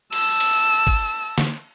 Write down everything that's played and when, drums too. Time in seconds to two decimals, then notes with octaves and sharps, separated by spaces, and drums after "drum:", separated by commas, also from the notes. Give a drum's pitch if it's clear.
0.12 A5 E6, drum: cymbal
0.40 drum: cymbal
0.87 drum: kick
1.38 drum: snare